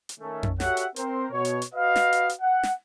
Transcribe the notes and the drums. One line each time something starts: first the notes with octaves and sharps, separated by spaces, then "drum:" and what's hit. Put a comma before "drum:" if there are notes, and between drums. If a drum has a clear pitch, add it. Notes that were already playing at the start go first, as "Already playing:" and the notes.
drum: hi-hat
D#3 A3 C#4
drum: tom F2
F#4 G4 A4 C#5 E5 F#5, drum: snare
drum: hi-hat
C4 A#4 C5, drum: hi-hat
B2 C#5
drum: hi-hat
drum: hi-hat
F#4 B4 D#5 F5
drum: snare
drum: hi-hat
drum: hi-hat
F#5
drum: snare